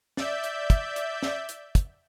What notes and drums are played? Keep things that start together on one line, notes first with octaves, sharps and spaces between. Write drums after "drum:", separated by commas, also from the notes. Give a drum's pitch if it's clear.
D5 E5 G6, drum: snare
drum: hi-hat
drum: kick, hi-hat
drum: hi-hat
drum: snare
drum: hi-hat
drum: kick, hi-hat